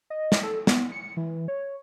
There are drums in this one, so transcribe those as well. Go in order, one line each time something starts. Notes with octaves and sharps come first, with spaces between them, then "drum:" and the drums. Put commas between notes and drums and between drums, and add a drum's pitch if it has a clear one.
D#5
drum: snare
A4
B3, drum: snare
C#7
E3
C#5